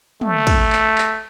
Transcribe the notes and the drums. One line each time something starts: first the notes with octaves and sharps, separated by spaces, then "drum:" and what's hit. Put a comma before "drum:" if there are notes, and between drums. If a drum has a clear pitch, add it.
A3, drum: tom
drum: kick, cymbal
drum: clap
drum: clap